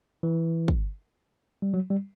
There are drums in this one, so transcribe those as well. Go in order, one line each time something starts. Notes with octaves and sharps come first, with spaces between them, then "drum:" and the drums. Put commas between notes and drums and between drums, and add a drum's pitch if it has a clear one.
E3
drum: kick
G3
F#3
G3